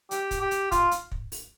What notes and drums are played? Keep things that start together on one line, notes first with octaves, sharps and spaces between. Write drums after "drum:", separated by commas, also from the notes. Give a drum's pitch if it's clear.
G4, drum: hi-hat
drum: kick, hi-hat
G4
drum: hi-hat
F4, drum: kick, hi-hat
drum: hi-hat
drum: kick
drum: open hi-hat